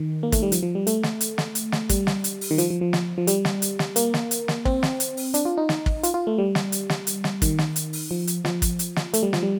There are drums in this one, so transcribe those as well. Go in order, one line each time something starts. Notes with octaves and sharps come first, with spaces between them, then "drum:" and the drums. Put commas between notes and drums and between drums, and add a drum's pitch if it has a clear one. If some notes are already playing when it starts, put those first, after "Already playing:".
Already playing: D#3
A#3
A3, drum: kick, hi-hat
G3
F3, drum: hi-hat
F3
G3
A3, drum: hi-hat
drum: snare
drum: hi-hat
drum: snare
drum: hi-hat
drum: snare
G3, drum: kick, hi-hat
drum: snare
drum: hi-hat
drum: open hi-hat
D#3
F3, drum: hi-hat
F3
F3
drum: snare
F3
G3, drum: hi-hat
drum: snare
drum: hi-hat
drum: snare
A#3, drum: hi-hat
drum: snare
drum: hi-hat
drum: snare
C4, drum: kick
drum: snare
drum: hi-hat
drum: open hi-hat
D4, drum: hi-hat
F4
D#4
drum: snare
drum: kick
F4, drum: hi-hat
F4
A3
G3
drum: snare
drum: hi-hat
drum: snare
drum: hi-hat
drum: snare
D#3, drum: kick, hi-hat
drum: snare
drum: hi-hat
drum: open hi-hat
F3
drum: hi-hat
F3, drum: snare
drum: kick, hi-hat
drum: hi-hat
drum: snare
A3, drum: hi-hat
G3
F3, drum: snare
G3